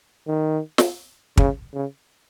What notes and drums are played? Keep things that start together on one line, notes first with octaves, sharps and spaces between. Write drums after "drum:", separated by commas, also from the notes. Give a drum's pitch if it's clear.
D#3
drum: snare
C#3, drum: kick
C#3